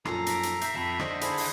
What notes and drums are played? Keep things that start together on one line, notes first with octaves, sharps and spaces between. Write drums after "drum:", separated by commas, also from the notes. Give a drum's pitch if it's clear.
F#2 A#2 F3 A4 A#5 C7, drum: rim click
A#6 B6 D7, drum: hi-hat
drum: hi-hat
E5 G6 A#6 C7, drum: hi-hat
F2 A5 B5 B6
D3 C5 D#5 A#6 E7, drum: rim click
E4 G#4 A4 C5 A5, drum: hi-hat
drum: open hi-hat